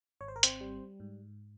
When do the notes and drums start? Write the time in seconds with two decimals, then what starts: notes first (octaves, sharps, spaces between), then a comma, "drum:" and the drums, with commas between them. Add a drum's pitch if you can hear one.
0.21 G#1 C#5
0.28 C5
0.36 A#4
0.43 C4 C5, drum: hi-hat
0.61 G3
1.00 G#2